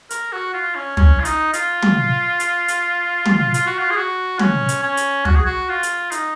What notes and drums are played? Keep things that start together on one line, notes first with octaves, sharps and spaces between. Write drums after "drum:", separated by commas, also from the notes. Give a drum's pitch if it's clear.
A#4, drum: hi-hat
F#4
F4
C#4
C#4, drum: tom
F4
D#4, drum: hi-hat
F4, drum: hi-hat
drum: tom
drum: hi-hat
drum: hi-hat
drum: tom
F4, drum: hi-hat
F#4
F4
G#4
F#4
C#4, drum: tom
drum: hi-hat
C#4
drum: hi-hat
F#4, drum: tom
G#4
F#4
F4
drum: hi-hat
D#4, drum: hi-hat